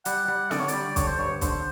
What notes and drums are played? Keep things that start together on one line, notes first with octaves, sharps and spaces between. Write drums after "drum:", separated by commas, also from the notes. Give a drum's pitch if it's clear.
G3 F#5, drum: hi-hat
G3
D3 D5, drum: snare
C#5
D5, drum: hi-hat
G3
D3 C#5, drum: kick, hi-hat
C5
G2 C#5
D3 C5, drum: kick, hi-hat